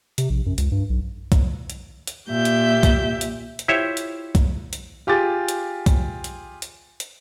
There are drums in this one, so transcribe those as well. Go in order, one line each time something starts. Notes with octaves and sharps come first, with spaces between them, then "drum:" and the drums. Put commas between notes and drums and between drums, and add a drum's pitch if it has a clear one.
C3, drum: hi-hat
A#1
F#2
C#2, drum: hi-hat
G2
B1
drum: kick, hi-hat
drum: hi-hat
drum: hi-hat
A#2 G4 E5 G6
drum: hi-hat
drum: kick, hi-hat
drum: hi-hat
drum: hi-hat
E4 F4 G4 C5 C#5 E5
drum: hi-hat
drum: kick, hi-hat
drum: hi-hat
F4 G4 G#4 D6 A6
drum: hi-hat
drum: kick, hi-hat
drum: hi-hat
drum: hi-hat
drum: hi-hat